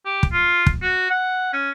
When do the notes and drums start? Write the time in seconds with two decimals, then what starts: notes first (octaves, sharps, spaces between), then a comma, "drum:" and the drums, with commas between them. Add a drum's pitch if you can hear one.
0.05 G4
0.23 drum: kick
0.32 F4
0.66 drum: kick
0.82 F#4
1.10 F#5
1.53 C#4